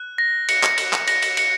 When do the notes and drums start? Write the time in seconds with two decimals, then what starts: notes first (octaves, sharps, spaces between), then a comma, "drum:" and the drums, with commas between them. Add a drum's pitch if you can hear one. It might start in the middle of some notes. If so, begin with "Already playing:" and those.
Already playing: F#6
0.18 A#6
0.49 C#7, drum: cymbal
0.63 drum: clap
0.78 A#6, drum: cymbal
0.93 drum: clap
1.08 A#6, drum: cymbal
1.22 drum: cymbal
1.37 C#7, drum: cymbal